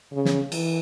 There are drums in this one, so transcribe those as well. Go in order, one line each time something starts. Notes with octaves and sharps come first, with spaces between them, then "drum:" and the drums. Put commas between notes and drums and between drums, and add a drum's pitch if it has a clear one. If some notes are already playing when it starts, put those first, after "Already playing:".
C#3
drum: snare
E3, drum: cymbal